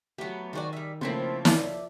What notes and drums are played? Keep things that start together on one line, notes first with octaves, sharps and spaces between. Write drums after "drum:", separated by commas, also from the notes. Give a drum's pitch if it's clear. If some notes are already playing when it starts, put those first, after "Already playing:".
F#3 A3 B3 G4 B4
D#3 F3 F#4 G#4 D5 G#5
G3 E5
C#3 F3 A3 A#3 C4 E4 A4 C5
D5 E5, drum: snare